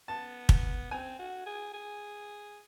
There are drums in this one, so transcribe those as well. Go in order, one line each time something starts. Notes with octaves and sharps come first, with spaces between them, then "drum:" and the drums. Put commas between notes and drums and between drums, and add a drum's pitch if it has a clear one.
B3 A5
drum: kick
C4 G#5
F#4
G#4
G#4